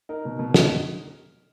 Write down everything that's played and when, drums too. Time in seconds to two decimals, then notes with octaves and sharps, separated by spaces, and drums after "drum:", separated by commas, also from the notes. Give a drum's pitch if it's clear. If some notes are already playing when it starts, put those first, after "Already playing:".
0.09 D#4 A#4
0.25 B2
0.39 B2
0.54 D#4, drum: snare